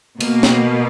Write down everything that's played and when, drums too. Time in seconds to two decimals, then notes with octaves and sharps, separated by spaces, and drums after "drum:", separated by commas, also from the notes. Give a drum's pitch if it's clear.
0.21 B2 A#3, drum: cymbal
0.43 drum: snare